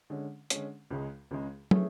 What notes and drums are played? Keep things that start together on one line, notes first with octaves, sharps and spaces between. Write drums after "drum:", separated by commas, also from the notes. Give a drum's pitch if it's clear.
D3 G#3 C#4
D3 G#3 C#4, drum: hi-hat
C#2 C#3 G#3
C#2 C#3 G#3
E3 A3 C#4 G#4, drum: tom